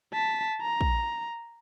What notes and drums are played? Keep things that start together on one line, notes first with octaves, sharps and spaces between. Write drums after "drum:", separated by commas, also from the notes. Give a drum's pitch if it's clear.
A5 B6
A#5
drum: kick